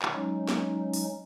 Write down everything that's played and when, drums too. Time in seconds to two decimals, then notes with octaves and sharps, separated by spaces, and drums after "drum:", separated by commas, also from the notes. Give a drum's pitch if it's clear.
0.02 drum: clap
0.13 F#3 G#3 C#4 D#4
0.48 drum: snare
0.93 drum: open hi-hat